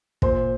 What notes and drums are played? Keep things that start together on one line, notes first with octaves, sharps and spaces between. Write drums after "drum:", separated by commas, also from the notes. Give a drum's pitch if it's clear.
A#2 C5, drum: kick